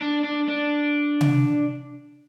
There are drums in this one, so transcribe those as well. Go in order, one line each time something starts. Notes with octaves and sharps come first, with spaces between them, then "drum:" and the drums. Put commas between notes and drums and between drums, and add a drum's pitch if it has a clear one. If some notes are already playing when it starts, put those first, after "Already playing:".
D4
D4
D4
drum: tom C3